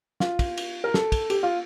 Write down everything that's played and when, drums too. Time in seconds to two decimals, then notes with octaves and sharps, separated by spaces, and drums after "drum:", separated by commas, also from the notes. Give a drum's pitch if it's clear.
0.20 F4, drum: snare
0.39 drum: kick, cymbal
0.57 drum: cymbal
0.84 A#4
0.94 A4, drum: snare
1.12 drum: kick, cymbal
1.30 G4, drum: cymbal
1.43 F4